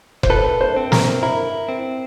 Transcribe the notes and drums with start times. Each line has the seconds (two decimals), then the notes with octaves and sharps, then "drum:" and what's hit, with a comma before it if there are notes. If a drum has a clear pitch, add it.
0.23 C5, drum: kick F1
0.30 A4 B4
0.61 C5
0.77 C4
0.92 A#4, drum: snare
1.23 E4 A#4
1.69 C4